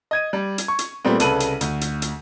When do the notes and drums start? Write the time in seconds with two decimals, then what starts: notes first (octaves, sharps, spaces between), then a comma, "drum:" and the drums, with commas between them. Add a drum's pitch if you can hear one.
0.11 D#5 G#6 D#7
0.33 G3
0.58 drum: hi-hat
0.68 C#6
0.79 drum: hi-hat
1.05 A#2 G3 A3 B3 C4
1.20 C2 C#3 A4 B4 D#7 F#7, drum: hi-hat
1.40 drum: hi-hat
1.61 D2, drum: hi-hat
1.81 drum: hi-hat
2.02 drum: hi-hat